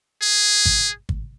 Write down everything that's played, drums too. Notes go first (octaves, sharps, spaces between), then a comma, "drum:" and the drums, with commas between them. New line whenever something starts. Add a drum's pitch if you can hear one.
G#4
drum: kick
drum: kick